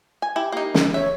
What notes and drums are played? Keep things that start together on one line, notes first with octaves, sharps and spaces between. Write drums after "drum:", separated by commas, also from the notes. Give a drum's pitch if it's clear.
G#5
E4 G4
A#3 D#4
D2, drum: snare
C#5 E5